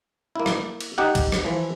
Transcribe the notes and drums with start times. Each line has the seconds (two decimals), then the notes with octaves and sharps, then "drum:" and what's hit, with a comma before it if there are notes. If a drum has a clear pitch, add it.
0.36 A#3 E4
0.46 drum: rim click
0.81 drum: cymbal
0.98 D#4 G4 F#5
1.15 drum: kick, cymbal
1.32 drum: rim click
1.44 E3 F3